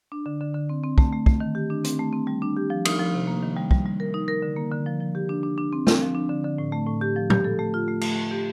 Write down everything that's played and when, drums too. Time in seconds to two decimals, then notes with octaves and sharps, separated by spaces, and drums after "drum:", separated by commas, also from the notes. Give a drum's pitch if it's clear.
0.12 D4
0.26 D3
0.41 D3
0.55 D3
0.69 C4
0.84 C4
0.98 A3, drum: kick
1.12 A3
1.26 A3, drum: kick
1.40 D#3
1.55 G4
1.70 D4
1.84 C4, drum: hi-hat
1.99 A3
2.13 C4
2.27 G3
2.42 D4
2.57 G4
2.70 F3
2.85 D#4, drum: cymbal
2.99 F3
3.14 C3
3.27 A#3
3.43 D#3
3.57 G3
3.71 G3, drum: kick
3.86 G3
4.00 A#4
4.14 D#4
4.28 A#4
4.42 D3
4.57 A#3
4.72 D3
4.86 F3
5.01 F3
5.15 G4
5.29 D4
5.43 D4
5.58 D4
5.73 C4
5.87 C4, drum: snare
6.01 F3
6.15 D4
6.29 D3
6.44 D3
6.58 A2
6.72 A3
6.87 A2
7.01 G4
7.16 F3
7.30 G4, drum: tom A#2
7.44 A4
7.59 A3
7.74 F4
7.88 A3
8.01 A3, drum: cymbal
8.16 A3
8.31 G4